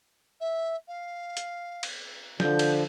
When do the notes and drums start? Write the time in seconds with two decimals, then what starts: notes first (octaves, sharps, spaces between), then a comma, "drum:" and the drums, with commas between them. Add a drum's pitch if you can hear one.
0.40 E5
0.88 F5
1.37 drum: hi-hat
1.83 drum: cymbal
2.40 D3 F3 G6, drum: snare
2.59 drum: cymbal